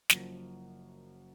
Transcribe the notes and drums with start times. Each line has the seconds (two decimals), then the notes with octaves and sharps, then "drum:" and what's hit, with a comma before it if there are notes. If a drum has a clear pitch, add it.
0.10 F#1 F#2 F3, drum: snare